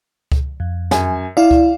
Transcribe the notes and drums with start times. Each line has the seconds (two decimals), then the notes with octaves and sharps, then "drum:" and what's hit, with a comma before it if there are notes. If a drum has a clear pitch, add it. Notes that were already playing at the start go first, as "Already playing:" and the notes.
0.32 drum: kick C#2
0.60 F2
0.91 F#2 G#5, drum: snare
1.37 E4 D5 F5
1.51 drum: kick C#2